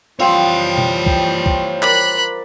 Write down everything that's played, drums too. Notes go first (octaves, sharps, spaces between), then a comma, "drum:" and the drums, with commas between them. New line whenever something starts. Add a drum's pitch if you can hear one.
E3 F3 G3 C4 F4 C5 C#5 G5
drum: tom B2
drum: kick
drum: kick
A#4 D5 B5 F#6, drum: clap